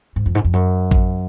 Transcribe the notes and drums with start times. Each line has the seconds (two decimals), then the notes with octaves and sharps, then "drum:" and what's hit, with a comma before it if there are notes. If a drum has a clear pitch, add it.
0.16 G#2
0.26 F2
0.35 G#2
0.45 F2
0.53 F#2
0.91 drum: kick A1